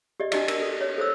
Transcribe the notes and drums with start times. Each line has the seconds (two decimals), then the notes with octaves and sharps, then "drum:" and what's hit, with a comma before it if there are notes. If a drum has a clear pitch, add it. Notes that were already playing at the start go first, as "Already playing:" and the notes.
0.20 G4 D5 D#5
0.32 D4 D#4 F#4 G4 D5 D#5, drum: cymbal
0.48 A#4, drum: cymbal
0.62 A4
0.81 C#5
0.98 A4 C5 E6